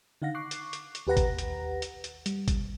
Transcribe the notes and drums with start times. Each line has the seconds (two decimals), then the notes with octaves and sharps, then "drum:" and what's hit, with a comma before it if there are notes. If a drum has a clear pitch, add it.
0.22 D3 D#4 F5 F#5 A#6
0.35 C#6 D6 F#6 C7
0.51 drum: hi-hat
0.73 drum: hi-hat
0.95 drum: hi-hat
1.07 D#2 G4 B4 F#5 A#5 A#6
1.17 drum: kick, hi-hat
1.39 drum: hi-hat
1.82 drum: hi-hat
2.04 drum: hi-hat
2.26 G3, drum: hi-hat
2.48 drum: kick, hi-hat